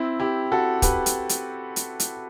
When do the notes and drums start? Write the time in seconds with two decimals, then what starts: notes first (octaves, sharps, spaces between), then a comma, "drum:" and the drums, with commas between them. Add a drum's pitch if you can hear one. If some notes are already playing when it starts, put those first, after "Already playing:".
Already playing: C4 E4
0.20 E4 G4
0.52 F#4 A4
0.82 G4 B4, drum: kick, hi-hat
1.06 drum: hi-hat
1.29 drum: hi-hat
1.76 drum: hi-hat
2.00 drum: hi-hat